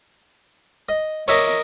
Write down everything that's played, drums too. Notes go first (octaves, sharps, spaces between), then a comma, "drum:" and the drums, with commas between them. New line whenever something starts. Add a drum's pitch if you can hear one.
D#5
A#4 C#5 D#5 E5 D6, drum: cymbal